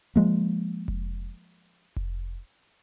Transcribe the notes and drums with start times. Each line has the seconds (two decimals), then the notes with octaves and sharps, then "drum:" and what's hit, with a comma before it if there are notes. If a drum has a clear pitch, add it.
0.16 F3 G#3 A#3
0.88 drum: kick F1
1.96 drum: kick F1